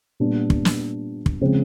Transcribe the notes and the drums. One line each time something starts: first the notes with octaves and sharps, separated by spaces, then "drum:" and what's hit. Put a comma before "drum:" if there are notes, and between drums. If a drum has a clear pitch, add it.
A#2 G3 B3 D4
drum: kick
drum: snare
drum: kick
C#3 F3 G#3 C4